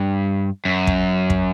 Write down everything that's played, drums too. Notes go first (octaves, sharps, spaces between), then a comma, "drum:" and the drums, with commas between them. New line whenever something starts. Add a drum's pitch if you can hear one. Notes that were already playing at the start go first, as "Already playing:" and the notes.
Already playing: G2
F#2
drum: kick
drum: kick